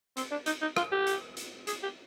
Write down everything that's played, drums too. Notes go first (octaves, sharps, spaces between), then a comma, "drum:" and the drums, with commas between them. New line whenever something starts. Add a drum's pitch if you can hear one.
C4, drum: hi-hat
D4
D#4, drum: hi-hat
D#4
F4, drum: rim click
G4
drum: hi-hat
drum: hi-hat
G#4, drum: hi-hat
G4